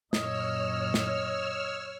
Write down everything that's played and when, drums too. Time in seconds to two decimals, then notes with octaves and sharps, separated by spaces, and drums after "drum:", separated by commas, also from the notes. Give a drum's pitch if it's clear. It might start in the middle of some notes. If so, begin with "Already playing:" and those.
0.13 F#2 A#2 C#5 D#5 E6 F6, drum: snare
0.94 drum: snare